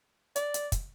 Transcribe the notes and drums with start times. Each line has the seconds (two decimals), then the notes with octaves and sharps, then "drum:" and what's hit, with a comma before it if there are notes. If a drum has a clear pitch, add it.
0.36 D5, drum: hi-hat
0.54 drum: hi-hat
0.72 drum: kick, hi-hat